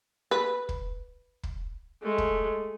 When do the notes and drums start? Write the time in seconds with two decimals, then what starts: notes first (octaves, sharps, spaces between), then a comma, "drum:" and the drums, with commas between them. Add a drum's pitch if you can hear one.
0.31 B4
0.69 drum: kick
1.43 drum: kick
2.02 G#3 A3
2.18 drum: kick